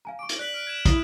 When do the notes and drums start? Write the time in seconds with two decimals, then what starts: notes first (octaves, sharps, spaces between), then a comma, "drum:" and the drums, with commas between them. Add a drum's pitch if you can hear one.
0.05 F5 G#5 A#5
0.19 C#6 D6 D7
0.29 drum: hi-hat
0.39 D5 F#6 B6 F#7
0.54 F6 D7
0.67 G#6 D7 E7
0.85 E4 D#6, drum: kick, hi-hat